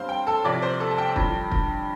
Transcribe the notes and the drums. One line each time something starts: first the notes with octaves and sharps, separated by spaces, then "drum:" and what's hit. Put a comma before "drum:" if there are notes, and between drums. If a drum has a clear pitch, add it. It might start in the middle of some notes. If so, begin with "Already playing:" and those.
Already playing: G2 G3 C4 C5 F5 C6 F6
G5
A4 A5
C2 C3 F3 D5 D6
C5 C6
A4 A5
A5
G5
G2 D3 F3, drum: kick
drum: kick